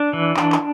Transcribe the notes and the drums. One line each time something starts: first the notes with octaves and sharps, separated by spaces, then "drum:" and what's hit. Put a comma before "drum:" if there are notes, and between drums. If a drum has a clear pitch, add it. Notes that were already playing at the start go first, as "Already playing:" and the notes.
Already playing: D4
E3
D4, drum: clap
drum: clap